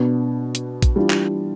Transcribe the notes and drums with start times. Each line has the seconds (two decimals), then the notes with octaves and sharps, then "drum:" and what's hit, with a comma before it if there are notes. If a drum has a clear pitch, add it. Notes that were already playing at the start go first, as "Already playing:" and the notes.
Already playing: B2 B3 D4
0.55 drum: hi-hat
0.82 drum: kick A#1, hi-hat
0.96 E3 G3 D4 F4
1.10 drum: clap